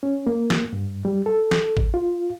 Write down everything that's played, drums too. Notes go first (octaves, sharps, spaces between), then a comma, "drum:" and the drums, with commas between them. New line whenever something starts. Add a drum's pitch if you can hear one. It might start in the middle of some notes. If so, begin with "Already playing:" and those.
C#4
A#3
drum: snare
G2
G3
A4
drum: snare
drum: kick
F4